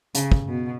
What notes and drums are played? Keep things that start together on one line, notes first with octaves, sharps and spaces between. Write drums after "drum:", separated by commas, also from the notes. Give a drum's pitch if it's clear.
C#3, drum: hi-hat
drum: kick
B2